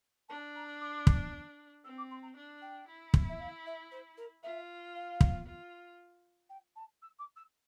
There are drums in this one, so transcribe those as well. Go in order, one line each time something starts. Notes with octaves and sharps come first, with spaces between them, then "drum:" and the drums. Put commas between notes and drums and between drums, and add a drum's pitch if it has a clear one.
D4 A5
A#5
D6
drum: kick
C4 E6
D6
C6
A#5
D4
G5
E4
drum: kick
E5
F5
E5
C5
A#4
F4 E5
F5
drum: kick
F4
G5
A5
E6
D6
E6